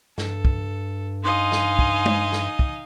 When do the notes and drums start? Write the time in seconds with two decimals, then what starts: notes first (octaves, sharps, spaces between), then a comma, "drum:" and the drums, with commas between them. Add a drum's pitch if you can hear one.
0.18 G2 A4, drum: snare
0.45 drum: kick
1.23 D#4 D#5 F5 G#5 C6
1.52 drum: snare
1.79 drum: kick
2.06 drum: tom G#3
2.32 drum: snare
2.59 drum: kick